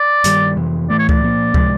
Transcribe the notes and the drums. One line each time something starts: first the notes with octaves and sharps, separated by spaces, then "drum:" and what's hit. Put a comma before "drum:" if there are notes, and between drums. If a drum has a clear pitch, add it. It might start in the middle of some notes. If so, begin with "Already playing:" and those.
Already playing: D5
G2 D#3 G3, drum: hi-hat
F2 C3 E3
A2 E3 A3 D5
C#5
D5, drum: kick C#2
A#2 F3 A#3
C3 F3 G#3, drum: kick C#2